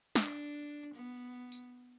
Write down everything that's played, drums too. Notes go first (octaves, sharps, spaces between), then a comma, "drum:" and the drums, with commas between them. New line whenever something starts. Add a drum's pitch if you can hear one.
D4, drum: snare
B3
drum: tambourine